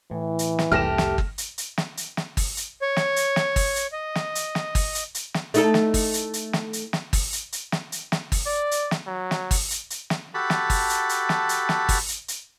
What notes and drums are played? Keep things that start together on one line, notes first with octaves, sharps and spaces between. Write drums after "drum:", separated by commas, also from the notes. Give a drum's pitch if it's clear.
A2 E3
drum: hi-hat
drum: snare
F1 C2 A3 G4 F6 A#6 E7
drum: snare
drum: kick G1
drum: hi-hat
drum: hi-hat
drum: snare
drum: hi-hat
drum: snare
drum: kick G1, open hi-hat
drum: hi-hat
C#5
drum: snare
drum: hi-hat
drum: snare
drum: kick G1, open hi-hat
drum: hi-hat
D#5
drum: snare
drum: hi-hat
drum: snare
drum: kick G1, open hi-hat
drum: hi-hat
drum: hi-hat
drum: snare
A3 D#4 A4, drum: hi-hat
drum: snare
drum: kick G1, open hi-hat
drum: hi-hat
drum: hi-hat
drum: snare
drum: hi-hat
drum: snare
drum: kick G1, open hi-hat
drum: hi-hat
drum: hi-hat
drum: snare
drum: hi-hat
drum: snare
drum: kick G1, open hi-hat
D5
drum: hi-hat
drum: snare
F#3
drum: snare
drum: kick G1, open hi-hat
drum: hi-hat
drum: hi-hat
drum: snare
F#4 G4 A4 A5 B5
drum: snare
drum: kick G1, open hi-hat
drum: hi-hat
drum: hi-hat
drum: snare
drum: hi-hat
drum: snare
drum: kick G1, open hi-hat
drum: hi-hat
drum: hi-hat